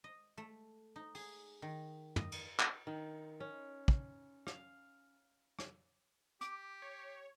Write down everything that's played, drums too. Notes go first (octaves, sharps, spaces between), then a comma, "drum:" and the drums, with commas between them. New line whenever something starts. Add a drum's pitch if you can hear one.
D#5
A3
D#4
G#4, drum: open hi-hat
D#3
D#5, drum: tom
drum: cymbal
drum: clap
D#3
C#4
drum: kick
F5, drum: rim click
drum: rim click
G4 D6, drum: hi-hat
C#5